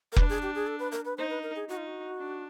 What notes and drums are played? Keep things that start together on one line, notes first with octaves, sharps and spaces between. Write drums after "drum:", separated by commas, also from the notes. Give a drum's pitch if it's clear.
A#4
D4 B4, drum: kick F1
G#4
G4
G#4
A4
B4
A#4
B4
D#4 C5
B4
A#4
G#4
D#4 F#4
F4
F#4
D4